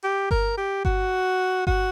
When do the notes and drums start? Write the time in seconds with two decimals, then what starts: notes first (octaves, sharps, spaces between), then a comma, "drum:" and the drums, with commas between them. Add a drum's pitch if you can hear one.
0.04 G4
0.31 A#4, drum: kick G1
0.57 G4
0.85 F#4, drum: kick G1
1.67 F#4, drum: kick G1